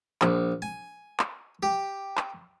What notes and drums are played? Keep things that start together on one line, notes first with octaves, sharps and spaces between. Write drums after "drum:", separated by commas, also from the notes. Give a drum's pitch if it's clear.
A#1, drum: clap
G#5
drum: clap
G4
drum: clap